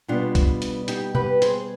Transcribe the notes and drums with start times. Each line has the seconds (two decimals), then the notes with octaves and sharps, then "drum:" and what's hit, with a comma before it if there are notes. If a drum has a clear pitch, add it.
0.08 B2 G3 B3 D4 F4
0.35 drum: kick B1, hi-hat
0.62 drum: hi-hat
0.88 D#4 G4, drum: hi-hat
1.15 G4 B4, drum: tom
1.42 G#4 C5, drum: hi-hat